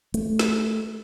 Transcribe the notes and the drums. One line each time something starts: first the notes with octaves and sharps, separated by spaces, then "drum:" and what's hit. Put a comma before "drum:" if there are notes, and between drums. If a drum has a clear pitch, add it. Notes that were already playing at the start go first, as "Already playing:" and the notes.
A3, drum: hi-hat
drum: snare